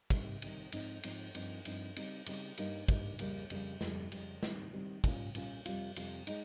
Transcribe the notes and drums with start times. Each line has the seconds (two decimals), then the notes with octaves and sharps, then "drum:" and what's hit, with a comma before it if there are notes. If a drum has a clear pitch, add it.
0.10 C3 D#3 G3, drum: kick, cymbal
0.42 C3 D#3 G3, drum: cymbal
0.72 G#2 F3 C4 D#4, drum: cymbal
1.03 G#2 F3 C4 D#4, drum: cymbal
1.35 G2 F3 C4 D#4, drum: cymbal
1.65 G2 F3 C4 D#4, drum: cymbal
1.96 C#3 G3 C4 D#4, drum: cymbal
2.26 C#3 G3 C4 D#4, drum: cymbal
2.57 G2 G3 A#3 D#4, drum: cymbal
2.88 G2 G3 A#3 D#4, drum: kick, cymbal
3.19 F2 C#3 G3 A#3, drum: cymbal
3.50 F2 C#3 G3 A#3, drum: cymbal
3.81 F2 C#3 G3, drum: snare
4.12 F2 C#3 G3, drum: cymbal
4.43 D#3 G3 C4, drum: snare
4.73 D#3 G3 C4
5.04 A#2 G3 C#4 F4, drum: kick, cymbal
5.35 A#2 G3 C#4 F4, drum: cymbal
5.66 F2 C3 G3 C4 F4, drum: cymbal
5.96 F2 C3 G3 C4 F4, drum: cymbal
6.27 G#3 D#4, drum: cymbal